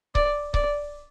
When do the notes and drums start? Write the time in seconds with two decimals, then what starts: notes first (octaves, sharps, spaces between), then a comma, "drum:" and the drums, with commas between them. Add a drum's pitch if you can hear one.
0.15 D5, drum: kick C#1
0.54 D5, drum: kick C#1